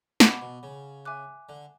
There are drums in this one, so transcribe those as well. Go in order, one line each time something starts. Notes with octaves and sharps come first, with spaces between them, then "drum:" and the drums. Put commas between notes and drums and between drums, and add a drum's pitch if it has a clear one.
B2 F#5 B5 D6, drum: snare
B2
C#3
E5 G#5 D6 F#6
D3